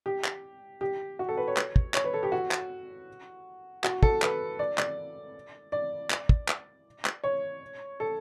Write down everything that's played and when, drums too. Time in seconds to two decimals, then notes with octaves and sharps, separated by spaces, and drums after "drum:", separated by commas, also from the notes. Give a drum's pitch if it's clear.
0.06 G4
0.25 drum: clap
0.81 G4
1.19 F#4
1.29 A4
1.37 B4
1.48 C#5
1.57 drum: clap
1.76 drum: kick
1.94 C#5, drum: clap
2.05 B4
2.14 A4
2.23 G4
2.32 F#4
2.51 drum: clap
3.84 F#4, drum: clap
4.03 A4, drum: kick
4.22 B4, drum: clap
4.59 D5
4.78 D5, drum: clap
5.72 D5
6.10 drum: clap
6.29 drum: kick
6.48 drum: clap
7.05 drum: clap
7.24 C#5
8.00 A4